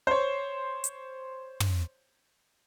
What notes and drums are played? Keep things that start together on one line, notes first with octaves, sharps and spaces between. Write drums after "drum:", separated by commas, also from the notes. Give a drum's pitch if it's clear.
C5 C#5
drum: hi-hat
drum: tom